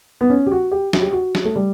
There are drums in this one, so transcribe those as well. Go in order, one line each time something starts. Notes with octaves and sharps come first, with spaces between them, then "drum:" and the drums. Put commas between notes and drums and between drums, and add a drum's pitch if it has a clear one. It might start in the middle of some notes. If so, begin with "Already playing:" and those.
B3
C#4
G4
F#4
G4
F#4, drum: snare
G4
F#4
drum: snare
A3
G3